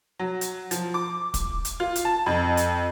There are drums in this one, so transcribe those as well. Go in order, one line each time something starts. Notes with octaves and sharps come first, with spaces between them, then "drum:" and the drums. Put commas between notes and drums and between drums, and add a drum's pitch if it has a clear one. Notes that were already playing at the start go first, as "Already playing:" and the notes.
F#3
drum: hi-hat
F3, drum: hi-hat
D6
drum: kick, hi-hat
drum: hi-hat
F4
drum: hi-hat
A5
F2
drum: hi-hat